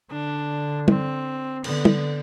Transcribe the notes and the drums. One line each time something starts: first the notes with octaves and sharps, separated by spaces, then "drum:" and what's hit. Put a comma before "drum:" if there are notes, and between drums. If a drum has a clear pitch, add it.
D3 D4
C4, drum: tom
D3 B3, drum: cymbal
drum: tom